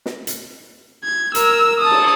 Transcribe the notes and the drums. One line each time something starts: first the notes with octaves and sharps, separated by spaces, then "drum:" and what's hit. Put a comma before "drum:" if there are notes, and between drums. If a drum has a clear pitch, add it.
drum: snare
drum: hi-hat
G#6
A#4 E6, drum: hi-hat
A5 D#6
drum: cymbal